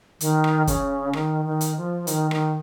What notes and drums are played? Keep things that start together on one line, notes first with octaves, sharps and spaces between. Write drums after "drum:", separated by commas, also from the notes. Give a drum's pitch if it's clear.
D#3, drum: hi-hat
drum: rim click
C#3, drum: kick, hi-hat
D#3, drum: rim click
D#3
drum: hi-hat
F3
D#3, drum: hi-hat
D#3, drum: rim click